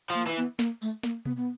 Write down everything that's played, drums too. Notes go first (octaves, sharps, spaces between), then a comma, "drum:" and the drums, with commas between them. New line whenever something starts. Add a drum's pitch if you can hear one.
F3 A#3
E3
B3
A#3, drum: snare
A3, drum: tambourine
A#3, drum: snare
B3, drum: tom B2
B3